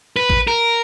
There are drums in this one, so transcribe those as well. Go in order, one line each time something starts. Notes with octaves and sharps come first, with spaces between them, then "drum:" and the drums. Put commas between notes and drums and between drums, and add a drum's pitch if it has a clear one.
B4
drum: kick A1
A#4